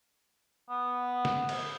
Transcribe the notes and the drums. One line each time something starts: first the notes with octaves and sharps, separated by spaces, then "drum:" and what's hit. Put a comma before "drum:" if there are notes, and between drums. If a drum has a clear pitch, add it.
B3
drum: snare
drum: cymbal